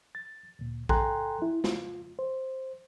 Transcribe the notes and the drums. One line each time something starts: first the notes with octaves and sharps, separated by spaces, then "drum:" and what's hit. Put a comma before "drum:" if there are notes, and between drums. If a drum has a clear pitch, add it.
A6
D2 A#2
A4 G5 G#5 A#5 C6 F#6, drum: kick A#1
E4
F4, drum: snare
C5